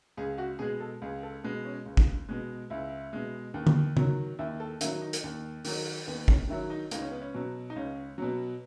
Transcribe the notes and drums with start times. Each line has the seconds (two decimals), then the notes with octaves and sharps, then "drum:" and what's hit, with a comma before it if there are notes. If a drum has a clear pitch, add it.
0.17 C#2 G#4
0.38 F#4
0.59 B2 G#3 G#4
0.80 A4
1.02 C#2 G#4
1.23 A4
1.43 B2 G#3 B3
1.65 C#4
1.86 C#2
1.97 drum: kick
2.29 B2 G#3
2.70 C#2 E4
3.13 B2 G#3
3.54 D#2
3.67 drum: tom
3.97 D#3 F#3, drum: tom C#3
4.39 D#2 E4
4.60 A4
4.81 D#3 F#3 E4, drum: hi-hat
5.02 D#4
5.13 drum: hi-hat
5.24 D#2
5.65 D#3 F#3, drum: open hi-hat
6.07 D#2 B3
6.28 C#4, drum: kick
6.49 D#3 F#3 E4
6.70 D#4
6.91 C#2 D#4, drum: hi-hat
7.02 C#4
7.11 B3
7.22 C#4
7.34 B2 F#3
7.70 D#4
7.76 C#2 C#4
8.18 B2 F#3